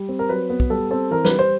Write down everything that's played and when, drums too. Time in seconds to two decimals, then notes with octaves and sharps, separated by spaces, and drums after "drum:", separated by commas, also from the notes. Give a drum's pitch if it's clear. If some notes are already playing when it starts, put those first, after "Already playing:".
Already playing: G3
0.09 C4
0.19 A#4
0.29 F#3 B4
0.50 B3
0.60 drum: kick
0.70 G3 A4
0.91 C4 A4
1.11 E3 A#4
1.25 B4, drum: snare
1.31 G3
1.39 C5